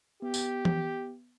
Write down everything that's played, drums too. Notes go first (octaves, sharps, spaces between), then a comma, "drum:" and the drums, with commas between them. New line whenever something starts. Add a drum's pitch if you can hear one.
B3 G4
drum: tambourine
drum: tom E3